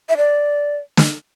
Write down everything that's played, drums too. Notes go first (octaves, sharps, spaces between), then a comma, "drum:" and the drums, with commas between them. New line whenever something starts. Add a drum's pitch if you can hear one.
E5
D5
drum: snare